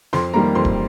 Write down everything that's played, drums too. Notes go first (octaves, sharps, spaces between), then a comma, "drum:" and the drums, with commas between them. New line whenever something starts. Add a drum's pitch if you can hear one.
F2 C6, drum: snare
D#3 G3 A#3 A#5
F2 C6
drum: kick D1